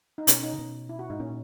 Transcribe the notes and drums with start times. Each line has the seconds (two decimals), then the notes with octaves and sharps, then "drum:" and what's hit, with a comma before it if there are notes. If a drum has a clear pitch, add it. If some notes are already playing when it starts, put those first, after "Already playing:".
0.18 D#4
0.27 B2 C#4, drum: hi-hat
0.43 D#4
0.54 C#3
0.59 B2
0.89 E4
0.99 F#4
1.10 G#2 D#4
1.20 A#2 C#4